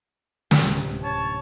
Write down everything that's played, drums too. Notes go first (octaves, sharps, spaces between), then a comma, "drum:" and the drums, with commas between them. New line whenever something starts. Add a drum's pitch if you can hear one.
D1 C#2 C3, drum: snare
C#5 A5